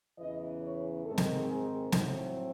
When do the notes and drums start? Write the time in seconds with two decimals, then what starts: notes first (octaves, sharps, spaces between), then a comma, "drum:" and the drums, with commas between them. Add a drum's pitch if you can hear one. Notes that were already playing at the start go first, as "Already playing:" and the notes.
0.19 E2 C#3 E3 D#5
0.63 C#5
1.05 G#2 D#3 G#3 C4 A4
1.18 drum: snare
1.49 G#4
1.92 A2 F#3 A3 C4 D#4, drum: snare